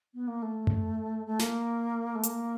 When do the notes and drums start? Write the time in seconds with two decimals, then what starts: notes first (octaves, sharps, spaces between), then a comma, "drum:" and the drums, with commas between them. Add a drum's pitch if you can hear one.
0.14 B3
0.27 A#3
0.41 A3
0.67 drum: tom F#2
1.25 A3
1.39 A#3, drum: snare
2.14 A3
2.23 A#3, drum: hi-hat